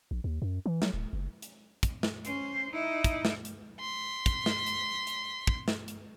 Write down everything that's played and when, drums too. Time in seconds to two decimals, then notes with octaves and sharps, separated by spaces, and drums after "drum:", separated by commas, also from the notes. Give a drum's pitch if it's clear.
0.11 A#1
0.24 D#2
0.42 F#2
0.66 E3
0.82 F#3, drum: snare
0.94 D1
1.13 F#1
1.42 drum: hi-hat
1.83 drum: kick, hi-hat
2.03 drum: snare
2.25 C#4 C5, drum: hi-hat
2.71 D#4 E4
3.04 drum: kick, hi-hat
3.25 drum: snare
3.45 drum: hi-hat
3.80 C6 B6
4.26 drum: kick, hi-hat
4.46 drum: snare
4.66 drum: hi-hat
5.07 drum: hi-hat
5.47 drum: kick
5.68 drum: snare
5.88 drum: hi-hat